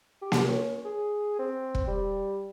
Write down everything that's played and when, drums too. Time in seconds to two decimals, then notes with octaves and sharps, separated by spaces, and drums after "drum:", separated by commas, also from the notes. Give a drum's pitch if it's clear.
0.22 G4
0.32 drum: snare A#3
0.48 C#4
0.84 G#4
1.39 C4
1.75 drum: kick
1.87 G3